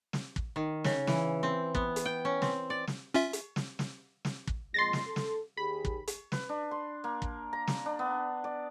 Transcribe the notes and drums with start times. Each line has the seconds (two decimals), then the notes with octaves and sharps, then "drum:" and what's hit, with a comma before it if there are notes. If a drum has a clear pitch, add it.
0.13 drum: snare
0.36 drum: kick
0.56 D#3
0.84 C#3, drum: snare
1.07 E3, drum: snare
1.43 C4
1.75 B3, drum: kick
1.96 drum: hi-hat
2.05 G5
2.25 C#4
2.42 C4, drum: snare
2.70 D5
2.87 drum: snare
3.14 C#4 F4 E5
3.33 drum: hi-hat
3.56 drum: snare
3.79 drum: snare
4.25 drum: snare
4.47 drum: kick
4.74 F2 A#2 G#3 C6 A6 A#6
4.93 drum: snare
5.07 A4
5.16 drum: snare
5.57 D#2 G4 G#4 B5
5.85 drum: kick
6.07 drum: hi-hat
6.32 B4, drum: snare
6.49 D4
6.71 C6
7.04 A#3
7.22 drum: kick
7.53 A#5
7.67 drum: snare
7.86 D4
7.99 B3
8.44 D5